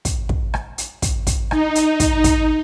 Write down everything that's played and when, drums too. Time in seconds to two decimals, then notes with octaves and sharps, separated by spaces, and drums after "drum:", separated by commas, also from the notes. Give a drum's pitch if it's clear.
0.05 drum: kick, hi-hat
0.29 drum: kick
0.54 drum: rim click
0.78 drum: hi-hat
1.02 drum: kick, hi-hat
1.27 drum: kick, hi-hat
1.51 D#4, drum: rim click
1.75 drum: hi-hat
2.00 drum: kick, hi-hat
2.24 drum: kick, hi-hat